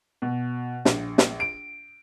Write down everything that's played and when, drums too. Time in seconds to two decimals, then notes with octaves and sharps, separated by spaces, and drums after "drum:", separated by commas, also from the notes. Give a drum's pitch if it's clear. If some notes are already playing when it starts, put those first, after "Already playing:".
0.22 B2
0.85 A#1, drum: snare
1.18 drum: snare
1.40 D7